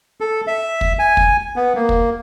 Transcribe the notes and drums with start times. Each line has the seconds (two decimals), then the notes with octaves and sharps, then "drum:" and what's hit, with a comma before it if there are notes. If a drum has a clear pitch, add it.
0.21 A4
0.47 E5
0.81 drum: kick
0.99 G#5
1.17 drum: kick
1.56 B3
1.76 A#3
1.89 drum: kick